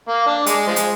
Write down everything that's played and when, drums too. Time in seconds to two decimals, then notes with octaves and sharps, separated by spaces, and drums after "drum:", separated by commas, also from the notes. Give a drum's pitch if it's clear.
0.09 A#3
0.27 D4
0.46 G#3, drum: hi-hat
0.67 F3 G#3
0.76 drum: hi-hat